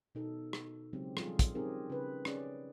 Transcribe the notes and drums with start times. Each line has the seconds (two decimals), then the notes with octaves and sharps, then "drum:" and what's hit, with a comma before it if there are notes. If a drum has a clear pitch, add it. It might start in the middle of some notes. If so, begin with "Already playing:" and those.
0.15 B2 D#4 A4
0.53 drum: rim click
0.93 C#3 F#3 G#3 C4 G4
1.17 F3 G3 F4 G#4 A4, drum: rim click
1.39 drum: kick, hi-hat
1.55 C4 C#4 D#4 G4 G#4 A#4
1.90 C#3 B4
2.25 C#4 G#4 D5, drum: rim click